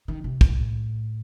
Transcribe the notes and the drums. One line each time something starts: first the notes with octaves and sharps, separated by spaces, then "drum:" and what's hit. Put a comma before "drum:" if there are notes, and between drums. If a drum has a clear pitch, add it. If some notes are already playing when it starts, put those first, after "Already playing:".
D#3
C3
A2, drum: kick